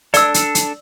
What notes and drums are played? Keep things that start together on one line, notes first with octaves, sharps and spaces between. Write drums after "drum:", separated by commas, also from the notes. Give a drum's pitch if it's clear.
D4 A4 D5 E6, drum: hi-hat
drum: hi-hat
drum: hi-hat